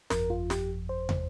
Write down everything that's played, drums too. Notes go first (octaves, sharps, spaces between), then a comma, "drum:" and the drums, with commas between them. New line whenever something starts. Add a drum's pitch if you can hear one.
G1 F2 F3 A#4, drum: snare
F4
G4, drum: snare
C5
drum: tom